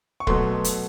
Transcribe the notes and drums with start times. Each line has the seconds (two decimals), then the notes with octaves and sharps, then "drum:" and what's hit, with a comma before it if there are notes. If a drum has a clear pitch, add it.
0.20 C#6
0.27 B2 F#3 A3 C6, drum: kick
0.64 drum: hi-hat